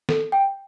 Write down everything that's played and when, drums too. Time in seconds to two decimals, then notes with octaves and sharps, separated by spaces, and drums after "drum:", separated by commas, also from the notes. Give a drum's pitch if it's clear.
0.09 A4, drum: snare
0.32 G5